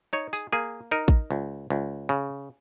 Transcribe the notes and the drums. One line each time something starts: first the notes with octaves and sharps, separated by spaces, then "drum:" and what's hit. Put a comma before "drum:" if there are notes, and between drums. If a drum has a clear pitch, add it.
D#4 C#5
G#4, drum: tambourine
A#3 G#4
D#4 A#4
drum: kick A1
C#2
C#2
C#3